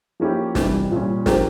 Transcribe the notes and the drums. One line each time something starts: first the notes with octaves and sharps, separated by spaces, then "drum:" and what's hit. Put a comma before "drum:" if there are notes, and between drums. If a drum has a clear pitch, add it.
F3 A#3 C#4 E4 G4
C3 E3 G3, drum: snare
A#2 G3 C#4
F3 C4 G4 A#4, drum: snare